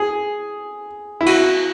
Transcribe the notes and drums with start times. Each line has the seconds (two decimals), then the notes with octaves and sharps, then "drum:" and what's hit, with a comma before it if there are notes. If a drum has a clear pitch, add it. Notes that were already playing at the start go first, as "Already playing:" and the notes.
Already playing: G#4
1.21 E4
1.26 F#4, drum: cymbal